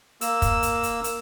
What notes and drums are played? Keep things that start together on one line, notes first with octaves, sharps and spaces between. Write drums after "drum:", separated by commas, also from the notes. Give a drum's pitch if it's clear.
A#3 E6, drum: hi-hat
drum: kick, hi-hat
drum: hi-hat
drum: hi-hat
drum: hi-hat